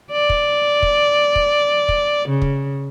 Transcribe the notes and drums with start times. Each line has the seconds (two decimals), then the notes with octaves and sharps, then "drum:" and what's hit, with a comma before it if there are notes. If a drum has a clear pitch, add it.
0.11 D5
0.29 drum: kick
0.83 drum: kick
1.36 drum: kick
1.89 drum: kick
2.28 C#3
2.42 drum: kick